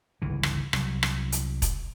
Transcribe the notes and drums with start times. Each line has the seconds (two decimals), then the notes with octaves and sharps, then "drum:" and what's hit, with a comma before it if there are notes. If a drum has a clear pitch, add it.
0.22 G1 C#2 E3
0.43 drum: rim click
0.73 C2 F#3, drum: rim click
1.03 drum: rim click
1.32 drum: hi-hat
1.62 drum: kick E1, hi-hat